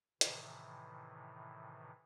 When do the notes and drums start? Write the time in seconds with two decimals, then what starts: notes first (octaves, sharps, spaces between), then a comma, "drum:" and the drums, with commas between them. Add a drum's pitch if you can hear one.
0.21 A2 C3 D#3 E3, drum: hi-hat